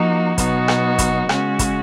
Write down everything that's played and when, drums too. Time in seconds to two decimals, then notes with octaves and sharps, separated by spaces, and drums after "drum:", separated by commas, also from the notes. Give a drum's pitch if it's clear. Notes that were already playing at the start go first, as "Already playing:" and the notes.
Already playing: F3 A#3 D#4 F#4
0.38 B2 F#3 B3 D#4 F#4, drum: kick, hi-hat
0.68 drum: rim click
0.98 drum: kick, hi-hat
1.29 C#3 G#3 C#4 F#4, drum: rim click
1.59 drum: kick, hi-hat